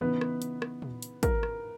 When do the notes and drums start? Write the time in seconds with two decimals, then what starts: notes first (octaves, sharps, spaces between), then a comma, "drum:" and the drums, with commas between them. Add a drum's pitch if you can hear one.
0.01 C#3 E3 B3 D#4 B4
0.21 drum: rim click
0.42 drum: hi-hat
0.62 drum: rim click
0.82 drum: tom A#2
1.02 drum: hi-hat
1.23 A#4, drum: kick, hi-hat
1.43 drum: rim click